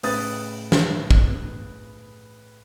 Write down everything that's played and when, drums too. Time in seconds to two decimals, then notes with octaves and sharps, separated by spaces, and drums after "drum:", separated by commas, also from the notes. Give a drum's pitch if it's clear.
0.03 A2 C#3 B4 D#6 A6, drum: open hi-hat
0.72 drum: snare
1.11 drum: kick